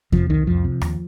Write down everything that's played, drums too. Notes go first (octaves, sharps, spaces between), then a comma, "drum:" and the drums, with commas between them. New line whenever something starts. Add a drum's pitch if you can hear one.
C3 F3, drum: kick E2
C2 D#3
F2 F3
C3
D#2, drum: rim click